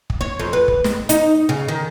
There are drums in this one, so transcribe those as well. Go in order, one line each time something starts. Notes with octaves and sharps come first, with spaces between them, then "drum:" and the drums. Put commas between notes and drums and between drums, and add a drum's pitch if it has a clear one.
drum: kick
C#5
F2
B4
drum: kick
drum: snare
D#4, drum: hi-hat
C#3
D#3